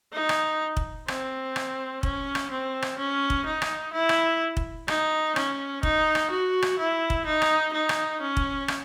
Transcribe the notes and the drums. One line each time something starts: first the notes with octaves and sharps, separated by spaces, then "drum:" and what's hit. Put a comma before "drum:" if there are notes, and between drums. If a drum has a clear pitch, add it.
D#4
drum: rim click
drum: kick
C4, drum: rim click
drum: rim click
C#4, drum: kick
drum: rim click
C4
drum: rim click
C#4
drum: kick
D#4
drum: rim click
E4
drum: rim click
drum: kick
D#4, drum: rim click
C#4, drum: rim click
D#4, drum: kick
drum: rim click
F#4
drum: rim click
E4
drum: kick
D#4
drum: rim click
D#4
drum: rim click
C#4
drum: kick
drum: rim click